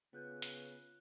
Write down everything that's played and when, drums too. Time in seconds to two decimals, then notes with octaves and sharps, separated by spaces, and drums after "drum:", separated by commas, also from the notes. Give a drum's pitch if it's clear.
0.13 C#3 B3 F4 F#6 G6
0.42 drum: hi-hat